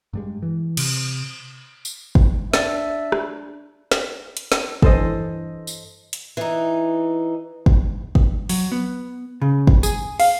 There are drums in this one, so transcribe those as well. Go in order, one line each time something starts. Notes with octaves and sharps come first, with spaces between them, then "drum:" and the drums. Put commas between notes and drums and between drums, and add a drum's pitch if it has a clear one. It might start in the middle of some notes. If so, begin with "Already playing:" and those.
G2 G3 G#3
E3
C3, drum: cymbal
drum: tambourine
drum: kick
D4 E5, drum: snare
drum: rim click
drum: snare
drum: hi-hat
drum: snare
G2 E3 A4 C5 D#5, drum: kick
drum: tambourine
drum: hi-hat
E3 D#4
drum: kick
drum: kick
F#3, drum: open hi-hat
B3
C#3
drum: kick
G#4, drum: tambourine
F5, drum: open hi-hat